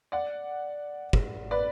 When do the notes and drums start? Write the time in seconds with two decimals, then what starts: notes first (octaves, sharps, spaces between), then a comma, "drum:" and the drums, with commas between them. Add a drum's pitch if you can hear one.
0.12 D5 F#5
1.13 drum: kick
1.51 B4 D5